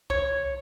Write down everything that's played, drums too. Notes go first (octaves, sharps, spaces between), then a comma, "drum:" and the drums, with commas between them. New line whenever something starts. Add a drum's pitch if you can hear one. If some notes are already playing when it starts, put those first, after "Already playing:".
C#5, drum: kick B1